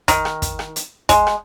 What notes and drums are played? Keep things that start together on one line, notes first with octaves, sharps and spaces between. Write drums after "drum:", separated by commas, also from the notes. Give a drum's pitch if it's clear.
D#3, drum: kick, hi-hat
drum: rim click
drum: kick, hi-hat
drum: rim click
drum: hi-hat
G#3, drum: kick, hi-hat
drum: rim click